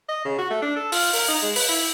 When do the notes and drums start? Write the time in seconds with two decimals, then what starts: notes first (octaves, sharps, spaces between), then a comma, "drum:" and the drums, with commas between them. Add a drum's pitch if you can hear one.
0.09 D#5
0.25 C#3
0.39 F#4
0.51 A3
0.62 D4
0.76 A4
0.92 F4, drum: open hi-hat
1.13 A#4, drum: open hi-hat
1.28 D#4
1.43 G#3
1.56 B4, drum: open hi-hat
1.69 E4